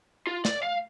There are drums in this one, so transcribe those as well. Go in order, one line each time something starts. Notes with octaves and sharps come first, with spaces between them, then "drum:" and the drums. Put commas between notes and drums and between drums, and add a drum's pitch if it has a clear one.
F4
D5, drum: snare
F5